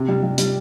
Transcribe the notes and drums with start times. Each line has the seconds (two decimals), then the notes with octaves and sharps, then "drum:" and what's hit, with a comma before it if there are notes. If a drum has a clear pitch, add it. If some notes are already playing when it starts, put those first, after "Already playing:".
Already playing: C3
0.08 G3
0.23 G3
0.38 G3, drum: hi-hat